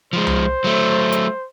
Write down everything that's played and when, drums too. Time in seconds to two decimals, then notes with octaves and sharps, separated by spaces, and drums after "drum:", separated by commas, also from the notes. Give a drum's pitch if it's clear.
0.13 F3 G#3 C5
0.27 drum: tom C2
0.64 F#3 A3
1.12 drum: hi-hat